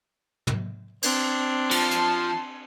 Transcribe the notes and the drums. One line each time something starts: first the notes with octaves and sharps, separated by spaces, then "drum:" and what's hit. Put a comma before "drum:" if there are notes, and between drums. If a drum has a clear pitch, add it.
drum: tom
C4 D4, drum: cymbal
F3 A5 C6, drum: cymbal
drum: hi-hat